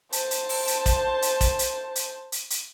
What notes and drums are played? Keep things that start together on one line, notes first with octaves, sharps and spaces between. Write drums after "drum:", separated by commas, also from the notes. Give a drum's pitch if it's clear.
C5 A5, drum: hi-hat
drum: hi-hat
drum: open hi-hat
drum: hi-hat
drum: kick, hi-hat
drum: hi-hat
drum: kick, hi-hat
drum: hi-hat
drum: hi-hat
drum: hi-hat
drum: hi-hat